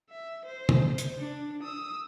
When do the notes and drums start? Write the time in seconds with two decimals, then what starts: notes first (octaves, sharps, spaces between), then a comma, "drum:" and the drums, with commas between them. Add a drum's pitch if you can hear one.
0.10 E5
0.45 C5
0.69 drum: tom
0.98 drum: hi-hat
1.19 D4
1.63 D#6 E6